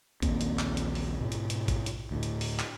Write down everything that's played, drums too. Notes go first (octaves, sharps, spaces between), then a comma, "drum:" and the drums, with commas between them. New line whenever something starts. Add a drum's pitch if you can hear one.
A#1 D#2 A#3 C4, drum: kick A1, hi-hat
drum: hi-hat
drum: clap
drum: hi-hat
drum: open hi-hat
G#2 B2
drum: hi-hat
drum: hi-hat
drum: kick A1, hi-hat
drum: hi-hat
D2 A2
drum: hi-hat
drum: open hi-hat
drum: clap